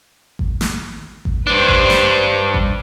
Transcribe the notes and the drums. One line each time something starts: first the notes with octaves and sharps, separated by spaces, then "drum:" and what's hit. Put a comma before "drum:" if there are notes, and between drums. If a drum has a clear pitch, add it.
drum: kick G#1
drum: snare
drum: kick G#1
G2 D4 B4 C5
drum: kick G#1
drum: snare
drum: kick G#1